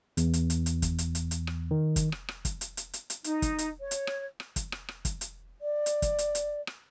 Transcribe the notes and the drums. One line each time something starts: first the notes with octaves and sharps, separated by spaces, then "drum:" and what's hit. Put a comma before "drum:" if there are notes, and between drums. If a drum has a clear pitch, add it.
E2, drum: hi-hat
drum: hi-hat
drum: hi-hat
drum: hi-hat
drum: kick, hi-hat
drum: hi-hat
drum: hi-hat
drum: hi-hat
drum: rim click
D#3
drum: kick, hi-hat
drum: rim click
drum: rim click
drum: kick, hi-hat
drum: hi-hat
drum: hi-hat
drum: hi-hat
drum: hi-hat
D#4, drum: hi-hat
drum: kick, hi-hat
drum: hi-hat
C#5
drum: hi-hat
drum: rim click
drum: rim click
drum: kick, hi-hat
drum: rim click
drum: rim click
drum: kick, hi-hat
drum: hi-hat
D5
drum: hi-hat
drum: kick, hi-hat
drum: hi-hat
drum: hi-hat
drum: rim click